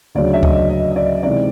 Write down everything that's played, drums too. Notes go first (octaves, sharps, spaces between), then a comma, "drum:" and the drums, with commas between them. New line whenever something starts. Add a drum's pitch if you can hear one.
D2 C#3 F#3 D5
E5
D#5, drum: kick C#2
D#5
D#5
D5
C3 E3 G#3 C4 D#4 D5